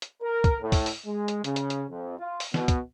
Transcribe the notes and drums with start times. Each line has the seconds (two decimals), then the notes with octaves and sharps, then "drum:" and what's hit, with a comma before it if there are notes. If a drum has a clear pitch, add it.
0.02 drum: hi-hat
0.23 A#4
0.44 drum: kick, hi-hat
0.62 A2
0.72 drum: kick, open hi-hat
0.86 drum: open hi-hat
1.07 G#3
1.28 drum: hi-hat
1.44 C#3, drum: hi-hat
1.56 drum: hi-hat
1.70 drum: hi-hat
1.90 F2
2.19 F4
2.40 drum: open hi-hat
2.54 B2, drum: snare
2.68 drum: kick, hi-hat